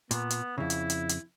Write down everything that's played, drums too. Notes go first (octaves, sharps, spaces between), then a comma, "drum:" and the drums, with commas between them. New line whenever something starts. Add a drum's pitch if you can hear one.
A#2 B3, drum: hi-hat
drum: hi-hat
F2 C#3 E4
drum: hi-hat
drum: hi-hat
drum: hi-hat